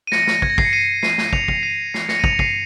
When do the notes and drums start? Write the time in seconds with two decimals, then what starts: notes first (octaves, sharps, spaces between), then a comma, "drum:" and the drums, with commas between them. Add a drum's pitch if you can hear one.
0.07 D#7
0.12 A#6 C#7, drum: snare
0.27 drum: snare
0.42 G#6, drum: kick
0.50 A#6
0.58 C7, drum: kick
0.65 C#7
0.73 C7 D#7
1.03 C7 D#7, drum: snare
1.18 drum: snare
1.33 C#7 F7, drum: kick
1.48 drum: kick
1.63 C7 D#7
1.94 C7, drum: snare
2.09 A#6 C#7, drum: snare
2.19 D#7
2.24 C#7 F7, drum: kick
2.39 C7 D#7, drum: kick